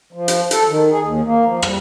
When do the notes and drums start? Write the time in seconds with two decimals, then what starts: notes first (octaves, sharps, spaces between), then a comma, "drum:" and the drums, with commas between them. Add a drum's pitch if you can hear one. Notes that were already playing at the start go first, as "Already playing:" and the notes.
0.13 F3
0.28 drum: hi-hat
0.51 A4, drum: hi-hat
0.68 D#3
0.91 G#4
1.03 D#2
1.26 A#3
1.45 F3
1.62 G3, drum: rim click